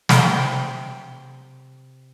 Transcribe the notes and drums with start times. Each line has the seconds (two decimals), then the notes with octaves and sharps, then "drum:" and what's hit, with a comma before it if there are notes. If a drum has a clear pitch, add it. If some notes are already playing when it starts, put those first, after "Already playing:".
0.09 C3 C4 G5 B5 C6, drum: snare